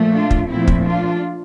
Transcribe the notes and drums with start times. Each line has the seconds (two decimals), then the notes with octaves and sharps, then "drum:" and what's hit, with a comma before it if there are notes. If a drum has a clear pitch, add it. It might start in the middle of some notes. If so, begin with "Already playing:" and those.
Already playing: A#2 F3 A3
0.13 D4 F4
0.31 drum: kick
0.49 A#2 F3 A3 C4 E4
0.68 drum: kick
0.86 D4 F4